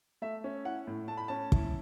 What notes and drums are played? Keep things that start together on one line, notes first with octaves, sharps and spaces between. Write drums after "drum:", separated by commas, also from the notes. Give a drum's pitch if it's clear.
A3 E5
C#4
E4 F#5
A2
A3 A5
B5
C#4 A5
E4, drum: kick